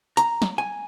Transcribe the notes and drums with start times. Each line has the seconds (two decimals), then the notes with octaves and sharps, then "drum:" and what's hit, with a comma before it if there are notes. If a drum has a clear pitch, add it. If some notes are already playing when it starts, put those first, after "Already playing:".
0.17 A#5, drum: hi-hat
0.42 drum: snare
0.58 G#5